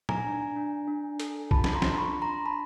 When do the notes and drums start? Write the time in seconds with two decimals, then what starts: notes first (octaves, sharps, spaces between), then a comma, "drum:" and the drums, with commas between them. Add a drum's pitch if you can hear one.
0.09 G#5 A#5, drum: tom A#2
0.25 D4
0.56 D4
0.88 D4
1.20 A4, drum: hi-hat
1.51 F4 A5 B5, drum: kick B1
1.64 drum: snare
1.75 A#5 C6
1.82 D4, drum: snare
1.98 B5 C#6
2.14 D4
2.22 A#5 C6
2.45 D4 A5 B5